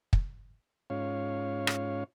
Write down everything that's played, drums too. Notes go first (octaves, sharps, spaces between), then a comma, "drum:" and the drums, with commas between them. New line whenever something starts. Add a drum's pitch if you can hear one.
drum: kick
G#2 C#4 F4 C#5 F5
drum: rim click